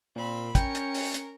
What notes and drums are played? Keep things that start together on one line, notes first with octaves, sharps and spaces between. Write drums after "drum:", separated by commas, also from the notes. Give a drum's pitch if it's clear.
A#2 C4 B5
C#4 A#4 G5 C#7, drum: kick, hi-hat
drum: hi-hat
drum: open hi-hat
drum: hi-hat